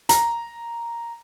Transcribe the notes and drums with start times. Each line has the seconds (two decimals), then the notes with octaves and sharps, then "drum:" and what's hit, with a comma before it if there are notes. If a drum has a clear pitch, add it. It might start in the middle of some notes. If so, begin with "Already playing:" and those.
0.09 A#5, drum: hi-hat